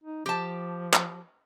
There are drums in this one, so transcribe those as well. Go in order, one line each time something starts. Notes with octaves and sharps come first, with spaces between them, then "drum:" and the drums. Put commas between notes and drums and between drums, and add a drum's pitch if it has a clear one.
D#4
F3 G4 A5
drum: clap